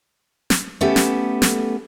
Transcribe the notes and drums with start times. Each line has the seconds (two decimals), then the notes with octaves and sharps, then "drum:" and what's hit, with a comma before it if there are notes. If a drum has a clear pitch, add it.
0.50 drum: snare
0.81 A3 B3 C#4 G4 A4
0.96 drum: snare
1.42 drum: snare